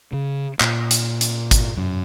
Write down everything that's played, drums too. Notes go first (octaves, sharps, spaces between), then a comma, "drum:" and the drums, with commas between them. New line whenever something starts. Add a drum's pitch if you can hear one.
C#3
A#2, drum: clap
drum: hi-hat
drum: hi-hat
drum: kick, hi-hat
F#2